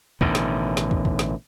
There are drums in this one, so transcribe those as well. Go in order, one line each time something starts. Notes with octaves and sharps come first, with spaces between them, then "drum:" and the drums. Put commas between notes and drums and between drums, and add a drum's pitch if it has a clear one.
A1 B2 D3 D#3, drum: kick
drum: snare
drum: snare
drum: kick
drum: kick
drum: snare